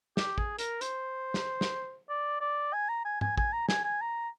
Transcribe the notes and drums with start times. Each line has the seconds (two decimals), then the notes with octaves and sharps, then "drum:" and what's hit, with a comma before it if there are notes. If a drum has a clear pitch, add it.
0.17 G4, drum: snare
0.38 G#4, drum: kick
0.59 A#4, drum: hi-hat
0.81 C5, drum: hi-hat
1.34 drum: snare
1.61 drum: snare
2.09 D5
2.41 D5
2.73 G#5
2.89 A#5
3.05 G#5
3.21 G#5, drum: tom G#2
3.38 G#5, drum: kick
3.53 A#5
3.69 G#5, drum: snare
3.84 G#5
4.01 A#5